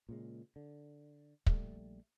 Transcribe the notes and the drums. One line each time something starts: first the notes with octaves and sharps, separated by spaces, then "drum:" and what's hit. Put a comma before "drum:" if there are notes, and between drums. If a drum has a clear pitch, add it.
A#2 C#3 G#3
D3
A#1 G3 A3, drum: kick